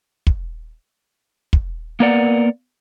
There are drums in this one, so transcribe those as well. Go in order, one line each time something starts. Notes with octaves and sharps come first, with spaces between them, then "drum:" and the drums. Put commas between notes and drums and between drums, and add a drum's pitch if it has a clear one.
drum: kick
drum: kick
A#3 B3 A#4 D5 F#5